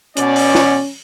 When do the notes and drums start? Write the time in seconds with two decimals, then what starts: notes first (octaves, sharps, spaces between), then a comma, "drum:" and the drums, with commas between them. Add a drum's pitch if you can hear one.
0.17 B2 C#4 D5, drum: hi-hat
0.36 drum: open hi-hat
0.55 drum: snare